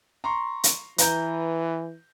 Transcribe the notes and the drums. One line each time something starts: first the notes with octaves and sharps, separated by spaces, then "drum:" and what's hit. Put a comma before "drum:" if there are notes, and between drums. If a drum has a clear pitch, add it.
A#5 C6 C#6
drum: hi-hat
E3 B4 A#5 G6, drum: hi-hat